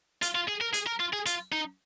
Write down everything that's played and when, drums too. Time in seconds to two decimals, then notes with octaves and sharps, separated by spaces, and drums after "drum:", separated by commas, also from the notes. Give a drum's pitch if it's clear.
0.22 F4, drum: hi-hat
0.35 F4
0.48 G#4
0.61 A#4
0.74 G#4, drum: hi-hat
0.87 A#4
1.00 F4
1.13 G#4
1.26 F4, drum: hi-hat
1.52 D#4